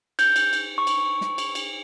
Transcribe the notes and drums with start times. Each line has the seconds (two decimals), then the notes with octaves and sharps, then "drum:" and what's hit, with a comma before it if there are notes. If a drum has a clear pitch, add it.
0.19 G6, drum: cymbal
0.36 drum: cymbal
0.53 drum: cymbal
0.78 C#6
0.87 drum: cymbal
1.21 drum: snare
1.38 drum: cymbal
1.55 drum: cymbal